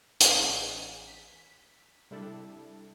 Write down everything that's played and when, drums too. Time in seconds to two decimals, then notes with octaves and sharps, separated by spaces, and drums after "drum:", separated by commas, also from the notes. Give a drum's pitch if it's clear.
0.20 A1 E3 C#4 G#4 G#5 A#5, drum: hi-hat
1.07 B6
2.11 C3 G3 D4 E4 A4